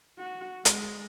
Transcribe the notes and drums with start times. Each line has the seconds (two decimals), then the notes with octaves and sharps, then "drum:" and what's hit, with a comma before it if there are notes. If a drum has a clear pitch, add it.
0.19 F#4
0.65 G#3, drum: hi-hat